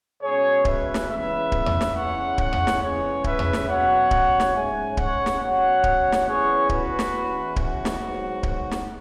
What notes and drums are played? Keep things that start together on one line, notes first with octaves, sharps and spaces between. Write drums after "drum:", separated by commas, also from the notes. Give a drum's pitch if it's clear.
B2 G#3 C#4 G#4 C#5
B4 E5, drum: kick D1
drum: snare
E2 C#3 G#3 B3 B4 E5
drum: kick D1
drum: tom E2
drum: snare
E2 C#3 G#3 C#4 C#5 F#5
C#5 F#5, drum: kick D1
drum: tom E2
drum: snare
C#3 E3 G#3 G#4 C#5
B4 E5, drum: kick D1
drum: tom E2
drum: snare
B2 F#3 C#4 C#5 F#5
drum: kick D1
drum: snare
G#2 G#3 C#4 E5 G#5
C#5 F#5, drum: kick D1
drum: snare
B2 F#3 C#4 C#5 F#5
drum: kick D1
drum: snare
E2 E3 C#4 G#4 C#5
F#4 B4, drum: kick D1
drum: snare
E2 E3 C#4
F#4, drum: kick D1
drum: snare
G#2 F#3 B3
F#4, drum: kick D1
drum: snare